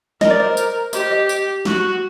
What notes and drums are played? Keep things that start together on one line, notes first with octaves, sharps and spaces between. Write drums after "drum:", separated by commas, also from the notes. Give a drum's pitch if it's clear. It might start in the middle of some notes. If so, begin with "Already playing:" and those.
A#4 D#5, drum: snare
D5
C5 D#5
drum: tambourine
G4 C5 D#5, drum: tambourine
C5 D#5
drum: tambourine
F#4, drum: snare